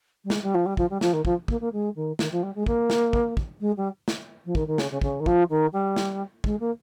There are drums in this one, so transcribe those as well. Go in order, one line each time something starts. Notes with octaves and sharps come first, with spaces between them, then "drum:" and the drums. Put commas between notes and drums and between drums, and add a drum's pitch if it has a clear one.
G3
G#3, drum: snare
G3
F3
G3
F3, drum: kick
G3
F3, drum: snare
D#3
F3, drum: kick
A#3, drum: kick
A#3
G#3
D#3
D#3, drum: snare
F3
G3
G#3
A#3, drum: kick
drum: snare
drum: kick
drum: kick
G#3
G3
drum: snare
F3
D#3, drum: kick
D#3
C#3, drum: snare
C#3
C#3, drum: kick
D#3
F3, drum: kick
D#3
G3
drum: snare
G#3, drum: kick
A#3